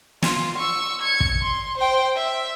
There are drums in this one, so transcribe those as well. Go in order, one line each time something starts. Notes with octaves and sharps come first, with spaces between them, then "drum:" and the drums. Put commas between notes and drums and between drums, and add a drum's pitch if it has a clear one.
F4, drum: snare
C#6 E6
G#6 C#7
drum: kick
C6
C5 G5
E5